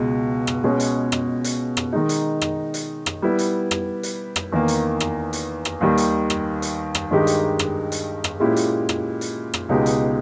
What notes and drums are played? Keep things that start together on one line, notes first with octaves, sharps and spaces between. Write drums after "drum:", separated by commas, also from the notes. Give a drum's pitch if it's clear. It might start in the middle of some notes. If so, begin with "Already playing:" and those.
Already playing: C#2 B2 G#3
drum: rim click
B2 G#3 C#4 G#4 C#5
drum: hi-hat
drum: rim click
drum: hi-hat
drum: rim click
D#3 G#3 D#4
drum: hi-hat
drum: rim click
drum: hi-hat
drum: rim click
G3 B3 E4
drum: hi-hat
drum: rim click
drum: hi-hat
drum: rim click
E2 D#3 A#3
drum: hi-hat
drum: rim click
drum: hi-hat
drum: rim click
D#2 D#3 G3
drum: hi-hat
drum: rim click
drum: hi-hat
drum: rim click
G2 D#3 G#3 D#4 G4
drum: hi-hat
drum: rim click
drum: hi-hat
drum: rim click
A#2 G#3 C#4 E4 G4
drum: hi-hat
drum: rim click
drum: hi-hat
drum: rim click
C#2 B2 G#3 D#4 G4
drum: hi-hat